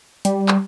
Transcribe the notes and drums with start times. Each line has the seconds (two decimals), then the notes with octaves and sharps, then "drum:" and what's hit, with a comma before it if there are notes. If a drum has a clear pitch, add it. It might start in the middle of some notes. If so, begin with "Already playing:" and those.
0.25 G3, drum: hi-hat
0.48 drum: clap